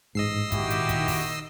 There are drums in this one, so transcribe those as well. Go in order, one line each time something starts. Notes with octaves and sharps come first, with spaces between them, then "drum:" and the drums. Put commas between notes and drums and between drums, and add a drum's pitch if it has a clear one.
A1 G#2 D#5 E6 C7
A#2 D#3 E4 F#4 G4, drum: kick, hi-hat
drum: hi-hat
drum: kick, hi-hat
drum: kick, open hi-hat